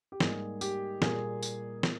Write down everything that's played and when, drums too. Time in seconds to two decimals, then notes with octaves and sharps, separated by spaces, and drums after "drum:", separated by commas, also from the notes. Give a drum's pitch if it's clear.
0.12 G4
0.20 G#2 G3 A#3 G#4, drum: snare
0.61 G4, drum: tambourine
1.02 A#2 G3 A#3 G#4, drum: snare
1.43 drum: tambourine
1.83 drum: snare